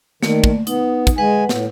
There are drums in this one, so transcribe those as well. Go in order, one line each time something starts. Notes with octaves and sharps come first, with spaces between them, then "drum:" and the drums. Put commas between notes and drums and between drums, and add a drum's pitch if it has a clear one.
D#3 A3 A#3 D5, drum: snare
drum: kick
B3 D#4, drum: hi-hat
drum: kick, hi-hat
G#3 B4 F#5 G#5
A2, drum: snare